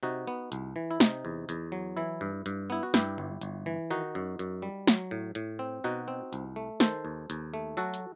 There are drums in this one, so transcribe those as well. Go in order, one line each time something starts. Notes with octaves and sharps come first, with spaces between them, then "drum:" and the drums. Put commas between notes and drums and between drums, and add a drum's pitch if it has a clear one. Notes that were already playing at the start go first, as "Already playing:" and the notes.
C3 D#4 F#4
B3
C2, drum: hi-hat
E3
E4
C3 D#4, drum: snare
E2
E2, drum: hi-hat
F#3
E3 E4
G2
G2, drum: hi-hat
B3 E4
F#4
G2 E4 G4, drum: snare
G1
G1, drum: hi-hat
E3
D#3 D#4 F#4
F#2
F#2, drum: hi-hat
G3
F#3, drum: snare
A2
A2, drum: hi-hat
C4
B2 D#4 F#4
C4
C2, drum: hi-hat
A3
D#3 A4 C5, drum: snare
D#2
D#2, drum: hi-hat
A3
F#3 F#4 A4
drum: hi-hat